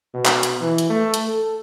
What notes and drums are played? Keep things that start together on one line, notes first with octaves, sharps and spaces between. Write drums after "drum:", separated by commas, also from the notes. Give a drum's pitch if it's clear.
B2
drum: clap
drum: hi-hat
E3
drum: hi-hat
A3
drum: hi-hat
A4